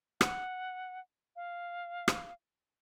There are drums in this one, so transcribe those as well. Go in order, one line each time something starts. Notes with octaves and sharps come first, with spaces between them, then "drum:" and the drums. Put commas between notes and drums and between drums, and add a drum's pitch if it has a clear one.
F#5, drum: rim click
F5
drum: rim click